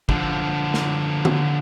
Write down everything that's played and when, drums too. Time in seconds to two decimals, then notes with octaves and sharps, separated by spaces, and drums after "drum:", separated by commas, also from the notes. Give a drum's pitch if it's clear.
0.09 D3 F3, drum: kick
0.74 drum: snare
1.25 drum: tom D3